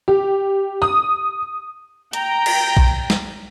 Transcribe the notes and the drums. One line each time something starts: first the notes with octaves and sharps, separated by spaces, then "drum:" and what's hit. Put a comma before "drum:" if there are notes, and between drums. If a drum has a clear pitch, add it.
G4
D#6
G5 A#5, drum: hi-hat
drum: cymbal
drum: kick A#1
drum: snare